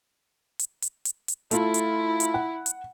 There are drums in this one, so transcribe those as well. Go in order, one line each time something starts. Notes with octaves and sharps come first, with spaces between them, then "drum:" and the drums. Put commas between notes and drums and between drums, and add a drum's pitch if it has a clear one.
drum: hi-hat
drum: hi-hat
drum: hi-hat
drum: hi-hat
A3 E4 F4, drum: hi-hat
drum: hi-hat
drum: hi-hat
F#5
drum: hi-hat